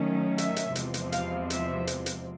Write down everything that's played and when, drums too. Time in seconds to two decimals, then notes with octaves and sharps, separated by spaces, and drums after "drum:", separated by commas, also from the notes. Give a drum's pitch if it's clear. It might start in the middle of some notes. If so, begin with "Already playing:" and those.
Already playing: D#3 F#3 A3 C#4
0.38 E5, drum: hi-hat
0.56 drum: hi-hat
0.75 E2 C3 F3 G#3 C4, drum: hi-hat
0.94 drum: hi-hat
1.12 F5, drum: hi-hat
1.50 E5, drum: hi-hat
1.87 drum: hi-hat
2.06 drum: hi-hat